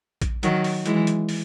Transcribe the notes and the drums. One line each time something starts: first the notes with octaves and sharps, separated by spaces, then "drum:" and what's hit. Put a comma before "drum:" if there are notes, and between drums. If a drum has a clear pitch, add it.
drum: kick A#1, hi-hat
D#3 F#3, drum: hi-hat
drum: open hi-hat
E3 G#3, drum: hi-hat
drum: hi-hat
drum: open hi-hat